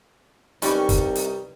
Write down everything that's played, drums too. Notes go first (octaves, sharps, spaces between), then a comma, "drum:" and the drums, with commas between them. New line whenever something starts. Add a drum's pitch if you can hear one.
C2 G3 C#4 D#4 B4 G5 C#6, drum: hi-hat
drum: kick, hi-hat
drum: hi-hat